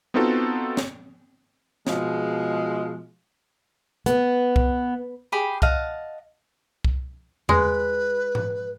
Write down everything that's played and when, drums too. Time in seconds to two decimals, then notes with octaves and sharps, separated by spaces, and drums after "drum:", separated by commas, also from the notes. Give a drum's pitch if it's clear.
0.14 B3 C4 D#4 F4 F#4 A4
0.77 drum: snare
1.87 B2 F3 G#3, drum: snare
4.06 B3, drum: hi-hat
4.56 drum: kick C2
5.32 G4 G#4 B5
5.62 D#5 F5 F#5 A5, drum: kick C2
6.85 drum: kick C2
7.49 G#3 B4, drum: tom E2
8.35 drum: tom G#2